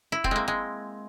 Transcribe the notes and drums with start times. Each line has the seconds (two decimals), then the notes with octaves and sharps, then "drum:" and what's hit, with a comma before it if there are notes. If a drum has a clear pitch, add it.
0.12 E4
0.24 C4, drum: kick
0.31 G#3 A#3
0.48 G#3